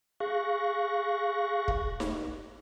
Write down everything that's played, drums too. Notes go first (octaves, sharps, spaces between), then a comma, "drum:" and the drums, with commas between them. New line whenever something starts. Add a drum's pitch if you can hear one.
G#4 F5 C#6 F#6 A#6
drum: kick
drum: snare D#4